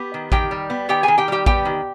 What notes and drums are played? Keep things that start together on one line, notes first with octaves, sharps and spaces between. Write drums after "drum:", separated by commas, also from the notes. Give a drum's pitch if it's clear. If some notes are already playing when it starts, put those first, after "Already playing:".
Already playing: B3 G4
D#3
D#3 G4 G5, drum: kick A1
G3
B3
D#3 G4 G5
D#3 G#4 G#5
G4 G5
G3 G4 G5
B3 G4 G5, drum: kick A1
D#3